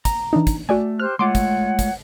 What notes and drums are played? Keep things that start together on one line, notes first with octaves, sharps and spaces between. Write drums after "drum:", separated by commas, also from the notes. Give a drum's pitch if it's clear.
A#5, drum: kick, hi-hat
E3 D4 D#4
drum: kick, hi-hat
A3 F#4 D5 G#5
G4 C5 F6 F#6
G#3 A3 F4 C#5 F#5 C6 D6
drum: kick, hi-hat
drum: kick, hi-hat